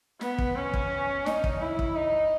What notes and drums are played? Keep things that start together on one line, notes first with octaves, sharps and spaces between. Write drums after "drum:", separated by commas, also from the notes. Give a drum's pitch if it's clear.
B3, drum: snare
drum: kick
C#4
drum: kick
D#4, drum: snare
drum: kick
E4
drum: kick
D#4